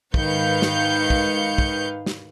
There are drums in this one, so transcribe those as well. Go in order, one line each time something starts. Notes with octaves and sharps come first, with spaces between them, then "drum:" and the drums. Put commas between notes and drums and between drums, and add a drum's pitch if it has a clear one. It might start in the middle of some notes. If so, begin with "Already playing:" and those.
G#2 D#3 B4 F5 G6 C#7, drum: kick
drum: snare
drum: kick
drum: kick
drum: snare